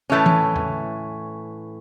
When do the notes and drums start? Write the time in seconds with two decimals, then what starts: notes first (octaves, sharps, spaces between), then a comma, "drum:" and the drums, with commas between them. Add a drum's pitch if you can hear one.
0.10 A2 E3 A3 C#4
0.26 drum: tom E3
0.56 drum: tom E2